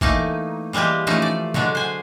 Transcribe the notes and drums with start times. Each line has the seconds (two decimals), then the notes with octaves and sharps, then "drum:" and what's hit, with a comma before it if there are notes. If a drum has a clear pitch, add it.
0.01 E3 A3 A#3 D#4, drum: kick
0.73 E3 G3 G#3 A#3 G4
1.07 E3 F3 A3 C#4 D#4
1.22 D5
1.54 D3 F#3 G#3 D4, drum: tom C3
1.75 C5 G#5